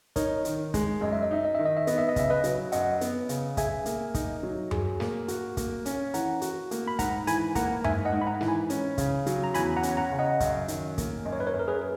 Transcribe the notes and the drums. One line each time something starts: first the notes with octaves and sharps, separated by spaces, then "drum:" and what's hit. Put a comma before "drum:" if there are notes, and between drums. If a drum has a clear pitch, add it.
D#4 A#4 C#5, drum: kick, hi-hat
D#3, drum: hi-hat
G#3, drum: kick, hi-hat
F#2 D#5
E5
D#5
D#4 E5
D#5
D#3 E5
D#5
E5
B3 D#5, drum: hi-hat
E5
D#5
C#3 E5, drum: kick, hi-hat
B4 D#5
F#3, drum: hi-hat
F#2 D#5 F#5, drum: hi-hat
B3, drum: hi-hat
C#3, drum: hi-hat
G#4 E5 G#5, drum: kick, hi-hat
A#3, drum: hi-hat
D#4, drum: kick, hi-hat
F#3
G#4, drum: tom F#2
A#3, drum: snare
F#4, drum: hi-hat
A#3, drum: kick, hi-hat
C#4, drum: hi-hat
E3 F#5 A#5, drum: hi-hat
F#4, drum: hi-hat
A#3, drum: hi-hat
B5
G#2 F#5 A#5, drum: kick, hi-hat
E3 G#5 B5, drum: hi-hat
A#3 F#5 A#5, drum: kick, hi-hat
G#2 E5 G#5, drum: tom F#2
D#5 F#5
G#2
B5
F#5 A#5
E3, drum: snare
G#5 B5
C#4, drum: hi-hat
C#3, drum: kick, hi-hat
F#3, drum: hi-hat
A#5
E2 G#5 B5, drum: hi-hat
F#5 A#5
C#4, drum: hi-hat
F#5 A#5
C#3
D#5 F#5
F#2, drum: kick, hi-hat
D#3, drum: hi-hat
A#3, drum: kick, hi-hat
F#2 D#5
C#5
B4
A#4 C#5
F#2
A#4
G#4 B4